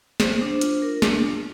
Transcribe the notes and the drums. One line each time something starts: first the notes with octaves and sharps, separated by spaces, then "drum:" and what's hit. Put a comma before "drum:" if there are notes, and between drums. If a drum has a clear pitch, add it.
C5, drum: snare
D4
F4, drum: hi-hat
A#4
D4, drum: snare
F4